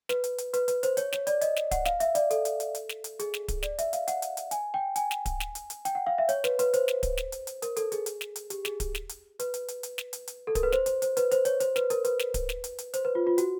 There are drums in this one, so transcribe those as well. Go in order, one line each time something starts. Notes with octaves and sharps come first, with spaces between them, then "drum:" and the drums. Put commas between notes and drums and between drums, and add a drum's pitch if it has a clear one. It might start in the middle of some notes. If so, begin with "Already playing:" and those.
B4, drum: snare
drum: hi-hat
drum: hi-hat
B4, drum: hi-hat
B4, drum: hi-hat
C5, drum: hi-hat
C#5, drum: hi-hat
C#5, drum: snare
D5, drum: hi-hat
D#5, drum: hi-hat
drum: snare
F#5, drum: kick D1, hi-hat
F5, drum: snare
E5, drum: hi-hat
D5, drum: hi-hat
A4, drum: hi-hat
drum: hi-hat
drum: hi-hat
drum: hi-hat
drum: snare
drum: hi-hat
G#4, drum: hi-hat
drum: snare
drum: kick D1, hi-hat
D5, drum: snare
E5, drum: hi-hat
F5, drum: hi-hat
F#5, drum: hi-hat
drum: hi-hat
drum: hi-hat
G#5, drum: hi-hat
G5
G#5, drum: hi-hat
drum: snare
drum: kick D1, hi-hat
drum: snare
drum: hi-hat
drum: hi-hat
G5, drum: hi-hat
F#5
F5
E5
C#5, drum: hi-hat
B4, drum: snare
B4, drum: hi-hat
C5, drum: hi-hat
drum: snare
drum: kick D1, hi-hat
drum: snare
drum: hi-hat
drum: hi-hat
A#4, drum: hi-hat
A4, drum: hi-hat
G#4, drum: hi-hat
drum: hi-hat
drum: snare
drum: hi-hat
G4, drum: hi-hat
G#4, drum: snare
drum: kick D1, hi-hat
drum: snare
drum: hi-hat
B4, drum: hi-hat
drum: hi-hat
drum: hi-hat
drum: hi-hat
drum: snare
drum: hi-hat
drum: hi-hat
A4
A#4, drum: kick D1, hi-hat
B4
C5, drum: snare
C5, drum: hi-hat
C5, drum: hi-hat
B4, drum: hi-hat
C5, drum: hi-hat
C#5, drum: hi-hat
C5, drum: hi-hat
B4, drum: snare
A#4, drum: hi-hat
B4, drum: hi-hat
drum: snare
drum: kick D1, hi-hat
drum: snare
drum: hi-hat
drum: hi-hat
C5, drum: hi-hat
B4
F4
F4
F#4, drum: hi-hat